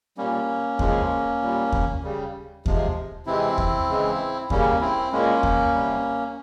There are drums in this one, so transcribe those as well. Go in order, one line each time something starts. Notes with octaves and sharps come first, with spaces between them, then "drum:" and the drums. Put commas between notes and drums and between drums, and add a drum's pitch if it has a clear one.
A#2 G3 A#3 C#4
C#3 F3 G#3, drum: kick D#2
A#2 G3
drum: kick D#2
C#3 G3
C3 F3 G#3, drum: kick D#2
C3 E3 G#3 C4 E4
drum: kick D#2
C#3 E3 G#3
C#3 G3 A#3 C#4, drum: kick D#2
C4 E4
A#2 G#3 A#3 C#4
drum: kick D#2
C3 G3